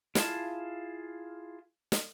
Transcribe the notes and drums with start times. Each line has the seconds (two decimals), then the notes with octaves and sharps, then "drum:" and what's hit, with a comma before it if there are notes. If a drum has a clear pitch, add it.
0.15 E4 F4 G#4 F5 A5, drum: snare
1.92 drum: snare